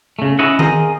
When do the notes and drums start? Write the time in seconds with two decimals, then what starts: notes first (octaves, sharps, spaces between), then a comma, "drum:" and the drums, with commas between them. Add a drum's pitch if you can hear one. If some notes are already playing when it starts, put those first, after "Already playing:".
0.19 C#3 A3
0.39 C#4 E4 C#5 D#5 E5 F#5
0.59 G#4 A#4 C5 D#5 F5 A#5, drum: tom D#3